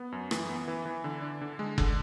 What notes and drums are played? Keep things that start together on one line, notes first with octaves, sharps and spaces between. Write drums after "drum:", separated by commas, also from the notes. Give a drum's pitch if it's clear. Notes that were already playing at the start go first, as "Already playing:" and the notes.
Already playing: B3
F#2
E3, drum: rim click
B3
E3
E3
D3
D4
D3
G#3
D3, drum: kick F#1